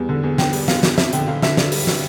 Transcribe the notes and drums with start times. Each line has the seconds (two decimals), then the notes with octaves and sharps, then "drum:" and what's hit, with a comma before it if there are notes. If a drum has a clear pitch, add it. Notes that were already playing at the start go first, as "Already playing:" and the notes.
Already playing: E2 G3
0.09 D3
0.23 E2
0.38 D3 G5, drum: snare
0.53 G3, drum: open hi-hat
0.68 E2 F5, drum: snare
0.83 E2, drum: snare
0.98 F2 E5, drum: snare
1.13 D3 G5, drum: hi-hat
1.27 D3 F5
1.42 D3 E5, drum: snare
1.57 D3 D5, drum: snare
1.72 G3, drum: open hi-hat
1.87 drum: snare